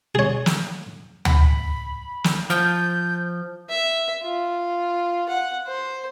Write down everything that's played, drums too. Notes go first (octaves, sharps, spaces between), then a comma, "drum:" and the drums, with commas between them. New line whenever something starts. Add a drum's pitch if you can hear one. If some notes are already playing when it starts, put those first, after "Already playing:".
G#4 C#5
drum: snare
B5, drum: tom D2
drum: snare
F3 G6
E5
F4
F#5
C5